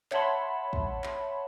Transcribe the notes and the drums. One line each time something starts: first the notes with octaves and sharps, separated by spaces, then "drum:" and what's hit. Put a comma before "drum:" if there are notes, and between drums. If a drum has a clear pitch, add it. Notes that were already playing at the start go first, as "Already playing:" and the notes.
C#5 E5 F#5 A5 B5 C6, drum: clap
drum: kick
drum: clap